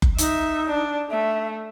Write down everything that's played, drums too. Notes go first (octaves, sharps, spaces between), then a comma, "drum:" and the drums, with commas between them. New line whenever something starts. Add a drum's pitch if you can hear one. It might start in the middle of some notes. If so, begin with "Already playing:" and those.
drum: kick F#1
D#4 E5, drum: hi-hat
D4
A3 E5